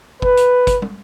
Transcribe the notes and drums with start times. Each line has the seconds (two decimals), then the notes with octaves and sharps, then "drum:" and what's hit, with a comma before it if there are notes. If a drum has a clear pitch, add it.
0.22 B4, drum: kick
0.37 drum: hi-hat
0.67 drum: kick, hi-hat
0.82 drum: tom